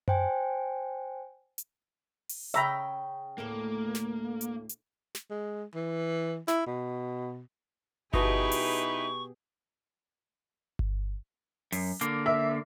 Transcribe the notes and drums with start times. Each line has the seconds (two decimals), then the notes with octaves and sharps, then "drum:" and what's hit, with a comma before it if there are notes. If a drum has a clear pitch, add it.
0.08 C5 G5 G#5, drum: tom F#2
1.58 drum: hi-hat
2.29 drum: open hi-hat
2.54 C#3 E5 G5 A#5 B5
3.38 D2 A2 A#3 A4
3.95 drum: snare
4.41 drum: hi-hat
4.69 drum: hi-hat
5.15 drum: snare
5.30 G#3
5.75 E3
6.48 E4, drum: snare
6.67 B2
8.13 B2 D#4 E4 G4 G#4 B4 D#5 C#6, drum: kick G1
8.52 drum: open hi-hat
10.79 drum: kick G1
11.72 F#2, drum: open hi-hat
12.01 D3 A#3, drum: hi-hat
12.26 E5